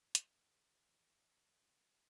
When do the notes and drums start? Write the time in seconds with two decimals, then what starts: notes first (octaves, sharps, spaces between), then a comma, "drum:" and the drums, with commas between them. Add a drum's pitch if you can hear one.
0.15 A1 C3 D#3 E3, drum: hi-hat